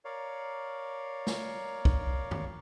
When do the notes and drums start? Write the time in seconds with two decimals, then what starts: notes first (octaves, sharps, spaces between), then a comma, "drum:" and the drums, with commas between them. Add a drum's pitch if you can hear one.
0.05 A#4 C#5 D5 F5
1.27 drum: snare
1.85 drum: kick
2.31 drum: tom